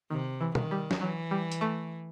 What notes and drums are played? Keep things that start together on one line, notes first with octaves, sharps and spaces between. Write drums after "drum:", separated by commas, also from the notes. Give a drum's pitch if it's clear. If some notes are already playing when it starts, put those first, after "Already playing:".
C3 D#3
E3
D#3, drum: tom
G3
drum: snare
E3 F#3
G3
drum: hi-hat
A3